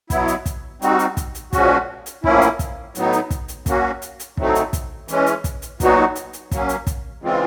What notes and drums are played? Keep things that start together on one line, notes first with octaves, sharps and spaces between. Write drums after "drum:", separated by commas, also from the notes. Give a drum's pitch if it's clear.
B2 F#3 B3 E4, drum: kick, hi-hat
drum: hi-hat
drum: kick, hi-hat
G3 C4 D#4 F#4, drum: hi-hat
drum: hi-hat
drum: kick, hi-hat
drum: hi-hat
A#2 F3 G#3 C#4 F#4, drum: kick, hi-hat
drum: hi-hat
A2 F3 A#3 C#4 E4, drum: kick
drum: hi-hat
drum: kick, hi-hat
A2 F#3 B3 D#4, drum: hi-hat
drum: hi-hat
drum: kick, hi-hat
drum: hi-hat
F#3 A#3 C#4 F#4, drum: kick, hi-hat
drum: hi-hat
drum: hi-hat
A2 F#3 A3 C4 D#4, drum: kick
drum: hi-hat
drum: kick, hi-hat
E3 G#3 C#4, drum: hi-hat
drum: hi-hat
drum: kick, hi-hat
drum: hi-hat
A#2 F#3 B3 D#4 F#4, drum: kick, hi-hat
drum: hi-hat
drum: hi-hat
F#3 A#3 C#4, drum: kick, hi-hat
drum: hi-hat
drum: kick, hi-hat
C#3 E3 G#3 C4 F4